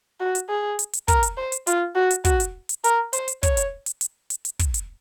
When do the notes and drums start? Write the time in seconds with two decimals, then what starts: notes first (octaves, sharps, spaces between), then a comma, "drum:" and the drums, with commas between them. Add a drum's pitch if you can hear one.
0.20 F#4
0.35 drum: hi-hat
0.49 G#4
0.79 drum: hi-hat
0.93 drum: hi-hat
1.08 A#4, drum: kick, hi-hat
1.23 drum: hi-hat
1.37 C5
1.52 drum: hi-hat
1.67 F4, drum: hi-hat
1.95 F#4
2.11 drum: hi-hat
2.25 F#4, drum: kick, hi-hat
2.40 drum: hi-hat
2.69 drum: hi-hat
2.84 A#4, drum: hi-hat
3.13 C5, drum: hi-hat
3.28 drum: hi-hat
3.43 C#5, drum: kick, hi-hat
3.57 drum: hi-hat
3.86 drum: hi-hat
4.01 drum: hi-hat
4.30 drum: hi-hat
4.45 drum: hi-hat
4.59 drum: kick, hi-hat
4.74 drum: hi-hat